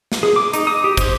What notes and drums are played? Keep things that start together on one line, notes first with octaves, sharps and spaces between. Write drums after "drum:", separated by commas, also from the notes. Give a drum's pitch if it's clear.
drum: snare
G#4
D6
D#4, drum: hi-hat
D#6
G4
C5, drum: kick, hi-hat